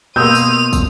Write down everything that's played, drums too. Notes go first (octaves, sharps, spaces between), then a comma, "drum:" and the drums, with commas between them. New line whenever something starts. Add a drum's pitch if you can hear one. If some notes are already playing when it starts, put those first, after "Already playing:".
B2 A#3 C6 D#6 E6 G6 D#7 F7
drum: tambourine
drum: kick, tambourine